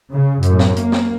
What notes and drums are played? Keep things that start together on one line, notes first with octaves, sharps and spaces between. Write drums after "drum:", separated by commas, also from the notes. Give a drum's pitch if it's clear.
C#3
F#2 A2, drum: hi-hat
drum: snare
A#3, drum: hi-hat
drum: snare